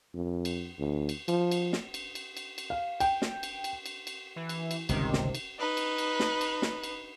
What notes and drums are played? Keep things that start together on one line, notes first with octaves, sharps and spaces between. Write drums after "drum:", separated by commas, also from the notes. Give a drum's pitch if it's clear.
F2
drum: cymbal
D2
drum: cymbal
F3, drum: cymbal
drum: cymbal
drum: snare
drum: cymbal
drum: cymbal
drum: cymbal
drum: cymbal
F5
G5, drum: cymbal
drum: snare
drum: cymbal
drum: cymbal
drum: cymbal
drum: cymbal
E3
drum: cymbal
drum: cymbal
G1 C#2 C3 D#3, drum: cymbal
drum: snare
drum: cymbal
D#4 B4
drum: cymbal
drum: cymbal
drum: snare
drum: cymbal
drum: snare
drum: cymbal